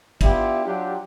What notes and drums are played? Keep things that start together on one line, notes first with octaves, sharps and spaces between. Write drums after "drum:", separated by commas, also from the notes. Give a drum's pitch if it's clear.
B3 D4 E4 F4 G4, drum: kick, cymbal
F#3 D4 F4 G4